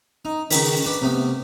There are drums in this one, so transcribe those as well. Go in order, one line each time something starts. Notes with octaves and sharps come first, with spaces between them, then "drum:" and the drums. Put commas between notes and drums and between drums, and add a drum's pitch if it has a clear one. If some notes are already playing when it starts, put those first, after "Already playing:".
D#4
C#2 D#3, drum: open hi-hat
D4 B4
C3 A3 B3